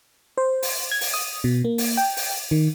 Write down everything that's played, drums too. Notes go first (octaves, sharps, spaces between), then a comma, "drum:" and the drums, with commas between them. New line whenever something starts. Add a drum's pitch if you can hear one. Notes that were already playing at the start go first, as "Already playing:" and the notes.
C5
drum: open hi-hat
G#6
drum: open hi-hat
D#6
B2
A#3
drum: open hi-hat
G5
drum: open hi-hat
D#3